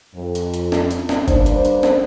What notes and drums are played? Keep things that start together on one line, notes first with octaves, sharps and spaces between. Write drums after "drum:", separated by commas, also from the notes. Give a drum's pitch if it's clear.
F2
drum: hi-hat
drum: hi-hat
drum: snare
drum: hi-hat
drum: snare
G2 A#3 D4 C5, drum: kick, hi-hat
drum: hi-hat
drum: hi-hat
drum: snare